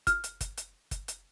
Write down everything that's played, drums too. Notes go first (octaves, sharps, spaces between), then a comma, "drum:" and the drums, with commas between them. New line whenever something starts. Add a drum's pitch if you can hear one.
F6, drum: kick, hi-hat
drum: hi-hat
drum: kick, hi-hat
drum: hi-hat
drum: kick, hi-hat
drum: hi-hat